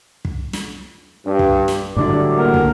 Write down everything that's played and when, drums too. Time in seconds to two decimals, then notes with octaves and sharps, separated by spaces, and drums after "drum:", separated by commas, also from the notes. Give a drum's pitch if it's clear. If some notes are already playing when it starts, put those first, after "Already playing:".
0.25 drum: kick
0.53 drum: snare
1.25 G2
1.39 drum: kick
1.68 drum: snare
1.97 A2 D3 F#3 G3 D4 E4 D5
2.38 A3 A#3 A#4 F#5
2.54 drum: kick